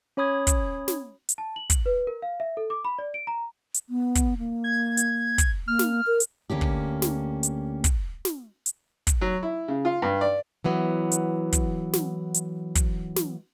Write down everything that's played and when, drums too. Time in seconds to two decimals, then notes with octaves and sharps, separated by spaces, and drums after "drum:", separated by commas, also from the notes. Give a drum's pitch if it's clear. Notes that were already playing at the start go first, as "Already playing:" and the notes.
0.17 C#4 C#5 B5 D#6 G#6
0.47 drum: kick, hi-hat
0.88 drum: snare
1.29 drum: hi-hat
1.38 A5
1.56 F#7
1.70 drum: kick, hi-hat
1.86 B4
2.07 A#4
2.22 F5
2.40 E5
2.57 A4
2.70 D6
2.85 B5
2.99 D5
3.14 D7
3.27 A#5
3.74 drum: hi-hat
3.89 B3
4.15 drum: kick, hi-hat
4.38 A#3
4.64 G#6
4.97 drum: hi-hat
5.38 drum: kick, hi-hat
5.68 A#3 F6
5.79 drum: snare
6.07 A#4
6.20 drum: hi-hat
6.50 D2 A#3 C#4 G4
6.61 drum: kick
7.02 drum: snare
7.43 drum: hi-hat
7.84 drum: kick, hi-hat
8.25 drum: snare
8.66 drum: hi-hat
9.07 drum: kick, hi-hat
9.21 F#3
9.43 E4
9.68 C#3
9.85 F4
10.02 G2
10.21 D5
10.64 E3 F#3 B3
11.12 drum: hi-hat
11.52 drum: kick, hi-hat
11.93 drum: snare
12.34 drum: hi-hat
12.75 drum: kick, hi-hat
13.16 drum: snare